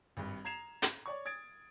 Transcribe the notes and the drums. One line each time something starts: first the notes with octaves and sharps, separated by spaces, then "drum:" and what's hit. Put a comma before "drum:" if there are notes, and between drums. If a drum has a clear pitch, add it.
G#1 G2
A#5 G#6 C7 E7 F7
drum: hi-hat
C#5 D5 C#6
D#6 G#6 A6 D7